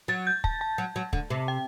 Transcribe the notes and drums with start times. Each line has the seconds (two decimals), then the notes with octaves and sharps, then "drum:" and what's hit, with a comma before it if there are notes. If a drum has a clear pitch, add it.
0.08 F#3 A6
0.27 G6
0.44 A5, drum: kick
0.61 A5
0.78 F#3
0.96 F#3
1.13 D3, drum: kick
1.30 C3
1.48 G5